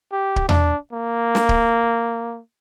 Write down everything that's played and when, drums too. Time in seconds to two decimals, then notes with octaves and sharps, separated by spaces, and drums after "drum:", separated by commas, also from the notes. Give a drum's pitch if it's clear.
0.12 G4
0.36 drum: kick D1
0.49 D4, drum: tom E2
0.93 A#3
1.35 drum: snare
1.49 drum: kick D1